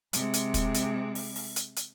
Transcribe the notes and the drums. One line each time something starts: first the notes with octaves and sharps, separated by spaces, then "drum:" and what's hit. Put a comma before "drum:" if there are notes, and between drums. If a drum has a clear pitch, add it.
C3 G#3, drum: hi-hat
drum: hi-hat
drum: kick, hi-hat
drum: hi-hat
drum: open hi-hat
drum: open hi-hat
drum: hi-hat
drum: hi-hat